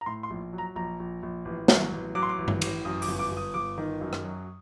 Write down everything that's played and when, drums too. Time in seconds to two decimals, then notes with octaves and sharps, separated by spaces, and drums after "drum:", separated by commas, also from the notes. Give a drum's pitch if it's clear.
0.01 A#5
0.06 A2 C6
0.23 C6
0.30 A#1
0.53 F#3
0.58 A#5
0.76 A#1 A#5
1.00 A#1
1.23 A#1
1.45 A1
1.68 F#3, drum: snare
1.92 A1
2.15 F#3 D6
2.23 C6
2.29 D6
2.38 A1
2.48 drum: tom G2
2.61 A1, drum: cymbal
2.85 F#2 D#6
3.02 D6, drum: open hi-hat
3.08 G1
3.19 D6
3.32 G1 D#6
3.54 G1 D6
3.78 D#3
4.01 F#2
4.13 drum: rim click
4.24 F#3